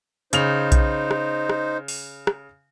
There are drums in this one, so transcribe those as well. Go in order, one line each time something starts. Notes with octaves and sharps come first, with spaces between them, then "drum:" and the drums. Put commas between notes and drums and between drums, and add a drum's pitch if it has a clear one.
C#3 D#4 C5 F7, drum: hi-hat
drum: kick B1, hi-hat
drum: rim click
drum: rim click
drum: open hi-hat
drum: rim click